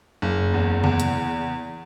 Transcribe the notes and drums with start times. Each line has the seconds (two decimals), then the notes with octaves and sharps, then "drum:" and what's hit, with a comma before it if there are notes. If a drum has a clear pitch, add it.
0.22 F#1
0.54 E2
0.84 E2, drum: tom C3
1.00 drum: hi-hat